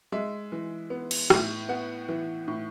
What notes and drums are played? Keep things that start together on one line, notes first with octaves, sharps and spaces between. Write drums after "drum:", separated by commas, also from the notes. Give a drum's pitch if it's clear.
G#3 E5
E3
B3
drum: cymbal
A2, drum: rim click
B3 F#5
E3
A2